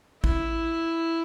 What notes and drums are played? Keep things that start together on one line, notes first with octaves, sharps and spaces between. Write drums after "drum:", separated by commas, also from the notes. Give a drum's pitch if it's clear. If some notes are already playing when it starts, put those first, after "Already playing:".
E4, drum: kick